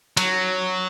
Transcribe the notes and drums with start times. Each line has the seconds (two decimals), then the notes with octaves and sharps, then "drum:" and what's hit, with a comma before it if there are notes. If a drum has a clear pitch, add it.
0.17 F#3, drum: cymbal